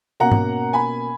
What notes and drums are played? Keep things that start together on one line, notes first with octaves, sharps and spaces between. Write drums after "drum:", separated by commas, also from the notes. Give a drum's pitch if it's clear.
B2 A#3 C#4 F#5 A#5
drum: tom G#2
G#5 B5